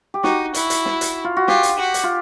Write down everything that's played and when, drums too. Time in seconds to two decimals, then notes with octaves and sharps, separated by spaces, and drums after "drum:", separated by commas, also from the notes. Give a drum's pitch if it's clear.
0.14 G4
0.23 D#4 F#4, drum: snare
0.54 E4, drum: hi-hat
0.70 drum: hi-hat
0.85 drum: snare
1.01 drum: hi-hat
1.24 F4
1.37 F#4
1.48 F4 G4, drum: snare
1.63 drum: hi-hat
1.79 F#4
1.94 drum: hi-hat
2.03 F4